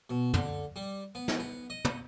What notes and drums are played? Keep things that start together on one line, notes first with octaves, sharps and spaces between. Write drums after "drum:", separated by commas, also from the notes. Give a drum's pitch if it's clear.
B2
D3, drum: tom
G3
B3
drum: snare
B3
D#5
drum: tom